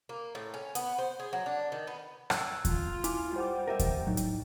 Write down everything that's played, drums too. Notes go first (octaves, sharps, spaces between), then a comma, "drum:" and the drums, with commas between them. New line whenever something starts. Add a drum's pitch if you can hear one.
A#3
A2
C#4
B3, drum: hi-hat
C5
G#4
F#3
D4
D#3
B3
E6 F#6 G#6, drum: rim click
F4, drum: kick D#2, hi-hat
E4 G#5 D6, drum: hi-hat
G3 C5 F#5 D6
A#4 D#5 E5
drum: kick D#2, hi-hat
C2 A2 F#3 D#4
drum: hi-hat